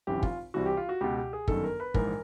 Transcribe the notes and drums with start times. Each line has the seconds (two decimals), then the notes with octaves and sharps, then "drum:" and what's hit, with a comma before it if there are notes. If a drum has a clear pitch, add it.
0.07 G#1 F#2 C#3 E3 G4
0.23 F4, drum: kick
0.54 C2 C3 E3 F#4
0.66 G4
0.77 F4
0.89 F#4
1.01 C#2 B2 G4
1.17 G4
1.33 G#4
1.48 G1 F#2 D#3 A4, drum: kick
1.64 A#4
1.80 B4
1.94 A#1 G#2 E3 A#4, drum: kick